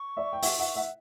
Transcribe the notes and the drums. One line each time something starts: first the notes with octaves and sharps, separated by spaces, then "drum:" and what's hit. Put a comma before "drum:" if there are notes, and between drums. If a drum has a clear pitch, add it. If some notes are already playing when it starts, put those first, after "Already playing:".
Already playing: C#6
D5 E5
G5
E5 F#5, drum: open hi-hat
E5 F#5
E5 F#5